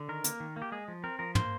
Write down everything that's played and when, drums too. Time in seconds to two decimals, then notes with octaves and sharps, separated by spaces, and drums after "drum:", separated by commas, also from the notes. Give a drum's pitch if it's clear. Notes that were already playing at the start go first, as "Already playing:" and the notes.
Already playing: D3
0.09 D#3 A#4
0.24 A#3, drum: hi-hat
0.40 D#3
0.56 A#3
0.62 G4
0.72 G#3 G#4
0.88 F3
1.04 C4 A#4
1.19 F3 A#4
1.35 A#3 C5, drum: tom